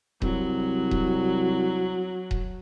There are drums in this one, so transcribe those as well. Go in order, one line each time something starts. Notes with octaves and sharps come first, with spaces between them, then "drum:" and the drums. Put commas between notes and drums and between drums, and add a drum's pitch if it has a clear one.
C2 F#3, drum: kick D#1
drum: kick D#1
drum: kick D#1